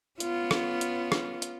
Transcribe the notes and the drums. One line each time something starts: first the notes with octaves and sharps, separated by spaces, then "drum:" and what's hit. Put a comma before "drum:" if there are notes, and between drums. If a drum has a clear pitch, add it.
B3 C#4 F4, drum: hi-hat
drum: rim click
drum: hi-hat
drum: rim click
drum: hi-hat